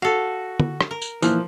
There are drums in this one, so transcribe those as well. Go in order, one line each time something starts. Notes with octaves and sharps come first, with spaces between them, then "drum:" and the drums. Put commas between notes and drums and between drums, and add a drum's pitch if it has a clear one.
F#4 A4 F5
drum: tom
drum: rim click
A#4
drum: tambourine
A#2 E3 F3, drum: tambourine